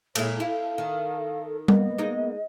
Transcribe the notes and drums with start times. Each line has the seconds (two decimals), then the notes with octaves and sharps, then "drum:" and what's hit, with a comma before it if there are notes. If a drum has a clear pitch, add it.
0.15 A#2 G#3 E4 A4 C#5, drum: cymbal
0.40 E4 F5
0.78 D#3
1.68 A#3 B3 D#5, drum: tom G3
1.98 G#3 D#4